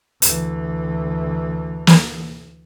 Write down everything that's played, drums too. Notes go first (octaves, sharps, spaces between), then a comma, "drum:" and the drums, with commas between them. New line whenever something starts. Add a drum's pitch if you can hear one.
D2 E3, drum: hi-hat
drum: snare